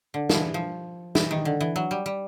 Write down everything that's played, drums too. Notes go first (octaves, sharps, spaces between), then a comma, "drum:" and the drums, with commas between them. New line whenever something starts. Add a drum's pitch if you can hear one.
D3
F3, drum: snare
E3
F3
E3, drum: snare
D#3
D3
E3
F#3
G3
G3